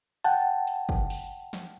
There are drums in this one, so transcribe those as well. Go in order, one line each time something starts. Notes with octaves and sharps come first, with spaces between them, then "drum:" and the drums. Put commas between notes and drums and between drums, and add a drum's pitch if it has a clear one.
F#5 G5 A5, drum: hi-hat
drum: hi-hat
drum: kick
drum: open hi-hat
drum: snare